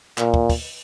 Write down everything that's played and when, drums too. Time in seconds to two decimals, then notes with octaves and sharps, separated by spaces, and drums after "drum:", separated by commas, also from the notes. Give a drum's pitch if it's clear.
0.18 A#2, drum: clap
0.34 drum: kick
0.50 drum: kick, open hi-hat